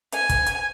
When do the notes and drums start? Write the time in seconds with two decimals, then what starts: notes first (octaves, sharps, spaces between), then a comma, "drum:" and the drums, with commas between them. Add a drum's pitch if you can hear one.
0.12 G#5, drum: hi-hat
0.29 drum: kick, hi-hat
0.46 drum: hi-hat